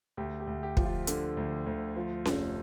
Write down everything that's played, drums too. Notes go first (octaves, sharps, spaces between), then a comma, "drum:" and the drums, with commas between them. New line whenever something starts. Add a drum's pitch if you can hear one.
D2 G4
G4
D2
G4
F3, drum: kick
F4
D3, drum: hi-hat
D2
D2
F3
F1, drum: snare C#4